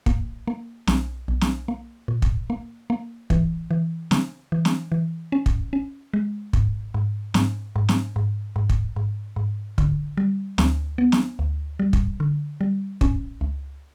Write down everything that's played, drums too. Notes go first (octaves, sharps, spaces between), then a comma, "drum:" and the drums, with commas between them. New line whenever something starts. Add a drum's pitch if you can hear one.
A#3, drum: kick
A#3
B1, drum: snare
B1
drum: snare
A#3
A#2
drum: kick
A#3
A#3
E3, drum: kick
E3
C#3, drum: snare
E3
drum: snare
E3
C#4
drum: kick
C#4
G#3
G#2, drum: kick
G#2
G#2, drum: snare
G#2
drum: snare
G#2
G#2
drum: kick
G#2
G#2
D3, drum: kick
G3
D2, drum: snare
B3
drum: snare
D2
G3
drum: kick
D3
G3
C#4, drum: kick
C#2